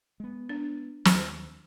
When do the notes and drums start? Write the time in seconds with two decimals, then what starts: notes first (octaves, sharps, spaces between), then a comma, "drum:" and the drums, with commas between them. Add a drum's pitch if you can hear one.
0.20 G#3 B3
0.49 D4
1.05 D#2, drum: snare